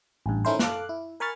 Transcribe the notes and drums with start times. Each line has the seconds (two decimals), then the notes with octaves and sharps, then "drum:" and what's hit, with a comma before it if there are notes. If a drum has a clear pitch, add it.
0.26 A1 G2
0.45 D#3 A3 C#4 E4 A#4 C5
0.59 A4 F5 D6 F#6, drum: snare
0.89 E4
1.20 A#4 G#5 B5 C#6 F6 A6